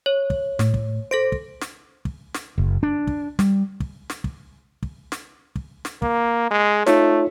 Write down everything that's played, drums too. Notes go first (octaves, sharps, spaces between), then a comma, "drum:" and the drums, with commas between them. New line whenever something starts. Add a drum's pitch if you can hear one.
C#5
drum: kick
A2, drum: snare
drum: kick
A4 C5 A#6 D7
drum: kick
drum: snare
drum: kick
drum: snare
F#1
D4
drum: kick
G3, drum: snare
drum: kick
drum: snare
drum: kick
drum: kick
drum: snare
drum: kick
drum: snare
A#3, drum: kick
G#3
A3 D#4 F4 C#5, drum: snare